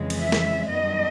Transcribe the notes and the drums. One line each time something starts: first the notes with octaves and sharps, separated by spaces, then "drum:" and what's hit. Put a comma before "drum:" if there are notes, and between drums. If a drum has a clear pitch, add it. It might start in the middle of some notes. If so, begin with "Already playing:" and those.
Already playing: F2 C#3 E3 G#3
drum: cymbal
E5
drum: snare
F#2 D#3 G3 B3 D4 D#5